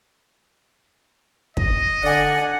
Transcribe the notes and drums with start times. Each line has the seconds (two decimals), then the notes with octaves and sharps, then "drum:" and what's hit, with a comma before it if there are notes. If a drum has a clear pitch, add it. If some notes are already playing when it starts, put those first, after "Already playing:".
1.57 D#5, drum: kick
2.04 D3 D5 F#5 G#5